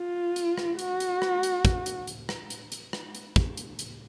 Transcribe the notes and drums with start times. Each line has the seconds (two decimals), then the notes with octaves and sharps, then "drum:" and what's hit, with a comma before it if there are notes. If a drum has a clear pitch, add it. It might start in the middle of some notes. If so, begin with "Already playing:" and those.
Already playing: F4
0.36 drum: hi-hat
0.58 drum: rim click
0.79 F#4, drum: hi-hat
1.00 drum: hi-hat
1.22 drum: rim click
1.43 drum: hi-hat
1.65 drum: kick, hi-hat
1.86 drum: hi-hat
2.07 drum: hi-hat
2.29 drum: rim click
2.50 drum: hi-hat
2.72 drum: hi-hat
2.93 drum: rim click
3.15 drum: hi-hat
3.36 drum: kick
3.57 drum: hi-hat
3.79 drum: hi-hat